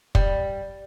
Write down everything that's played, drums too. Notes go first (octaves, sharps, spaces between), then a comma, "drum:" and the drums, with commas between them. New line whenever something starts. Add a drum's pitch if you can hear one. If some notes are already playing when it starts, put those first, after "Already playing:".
G3, drum: kick